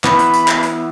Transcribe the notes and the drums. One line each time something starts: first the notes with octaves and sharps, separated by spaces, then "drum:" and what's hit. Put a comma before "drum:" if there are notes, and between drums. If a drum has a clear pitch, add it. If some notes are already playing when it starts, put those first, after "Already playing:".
E3 B3 B5, drum: clap
drum: hi-hat
drum: hi-hat
drum: clap
drum: hi-hat